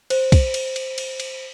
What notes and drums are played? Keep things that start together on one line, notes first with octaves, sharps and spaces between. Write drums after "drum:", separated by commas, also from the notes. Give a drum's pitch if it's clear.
C5, drum: cymbal
drum: kick, cymbal
drum: cymbal
drum: cymbal
drum: cymbal
drum: cymbal